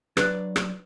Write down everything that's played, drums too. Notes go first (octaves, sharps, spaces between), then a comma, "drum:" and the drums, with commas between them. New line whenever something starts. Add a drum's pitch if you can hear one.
F#3 D4 B4 D5 F#6, drum: rim click
drum: rim click